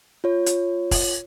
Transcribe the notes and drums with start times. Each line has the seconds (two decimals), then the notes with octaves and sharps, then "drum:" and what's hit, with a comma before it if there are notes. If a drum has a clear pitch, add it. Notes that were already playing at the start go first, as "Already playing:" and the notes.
0.24 F4 C#5
0.46 drum: hi-hat
0.91 drum: kick, open hi-hat